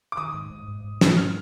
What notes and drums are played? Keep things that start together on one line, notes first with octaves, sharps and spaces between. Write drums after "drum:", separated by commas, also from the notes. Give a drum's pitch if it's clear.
D6
D#3 D#6
G#2
G#2
G#2
G#2
G#2, drum: snare
D4 F6